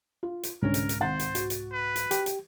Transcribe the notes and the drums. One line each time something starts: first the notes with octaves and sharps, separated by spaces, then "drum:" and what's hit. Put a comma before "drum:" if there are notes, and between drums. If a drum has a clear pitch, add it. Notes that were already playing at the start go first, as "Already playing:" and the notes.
F4
drum: hi-hat
C2 G#2 D3 C#4 A#4
drum: hi-hat
drum: hi-hat
G#1 C5 F#5 A6
drum: hi-hat
F#4, drum: hi-hat
drum: hi-hat
B4
drum: hi-hat
G4, drum: hi-hat
drum: hi-hat